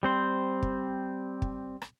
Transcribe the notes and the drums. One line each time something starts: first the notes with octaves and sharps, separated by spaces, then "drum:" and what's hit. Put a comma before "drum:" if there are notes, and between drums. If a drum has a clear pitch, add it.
G3 C4 C5
drum: kick
drum: kick
drum: rim click